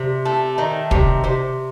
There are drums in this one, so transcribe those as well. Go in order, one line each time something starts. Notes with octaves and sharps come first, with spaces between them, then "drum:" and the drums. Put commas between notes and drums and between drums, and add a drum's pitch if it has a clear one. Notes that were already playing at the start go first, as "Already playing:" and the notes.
Already playing: C3
A3
D#3
C3, drum: kick
C3 C5